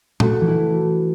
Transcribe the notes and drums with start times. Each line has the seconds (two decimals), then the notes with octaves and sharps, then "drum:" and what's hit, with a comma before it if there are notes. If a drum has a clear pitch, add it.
0.20 A3 F#4, drum: tom A#2
0.41 E3
0.48 E4